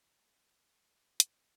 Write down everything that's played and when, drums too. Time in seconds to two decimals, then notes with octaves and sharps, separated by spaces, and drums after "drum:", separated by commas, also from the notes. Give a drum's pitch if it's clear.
0.10 E2 G2 F#3 B4
0.45 G#3 A4 A#4 C#5 F#5
1.20 G#2 F#3, drum: hi-hat